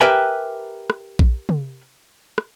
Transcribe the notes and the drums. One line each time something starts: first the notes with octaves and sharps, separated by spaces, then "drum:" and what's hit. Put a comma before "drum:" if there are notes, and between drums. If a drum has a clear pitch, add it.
G4 A#4 B4 E5 G5 G#5
drum: rim click
drum: kick A#1
drum: tom
drum: rim click